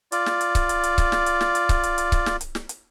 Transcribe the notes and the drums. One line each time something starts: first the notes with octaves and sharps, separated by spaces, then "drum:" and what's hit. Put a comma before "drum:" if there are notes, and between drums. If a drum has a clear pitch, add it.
F4 D5, drum: hi-hat
drum: snare
drum: hi-hat
drum: kick C#1, hi-hat
drum: hi-hat
drum: hi-hat
drum: kick C#1, hi-hat
drum: snare
drum: hi-hat
drum: snare
drum: hi-hat
drum: kick C#1, hi-hat
drum: hi-hat
drum: hi-hat
drum: kick C#1, hi-hat
drum: snare
drum: hi-hat
drum: snare
drum: hi-hat